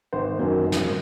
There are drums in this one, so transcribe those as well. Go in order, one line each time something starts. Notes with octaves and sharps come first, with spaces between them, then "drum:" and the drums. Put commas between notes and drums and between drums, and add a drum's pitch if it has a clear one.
G#1 C5
F#2 D#3 F#3 A#3
G#1
drum: snare